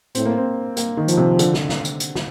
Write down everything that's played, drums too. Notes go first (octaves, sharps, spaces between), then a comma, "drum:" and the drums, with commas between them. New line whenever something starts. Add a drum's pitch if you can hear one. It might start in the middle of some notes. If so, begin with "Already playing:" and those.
A2 C4, drum: hi-hat
A#3
C4
A#3, drum: hi-hat
D#3
F3, drum: hi-hat
C3
D3, drum: hi-hat
drum: snare
drum: snare
drum: hi-hat
drum: hi-hat
drum: snare